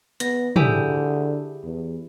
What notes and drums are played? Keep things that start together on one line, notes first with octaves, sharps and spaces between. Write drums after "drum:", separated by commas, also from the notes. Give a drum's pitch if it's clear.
B3 A#6, drum: hi-hat
D3 E4 G4 G#4, drum: tom
E2